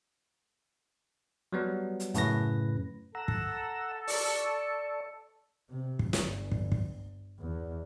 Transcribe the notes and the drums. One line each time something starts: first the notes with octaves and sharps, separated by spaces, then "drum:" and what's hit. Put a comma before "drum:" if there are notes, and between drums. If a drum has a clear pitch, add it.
F#3 G3 B3
drum: hi-hat
F#2 A2 C#3 B4 A#6, drum: hi-hat
A4 F#5 A#5 E6
drum: kick
D5 C#6, drum: open hi-hat
C3
drum: kick
G1, drum: snare
drum: kick
drum: kick
E2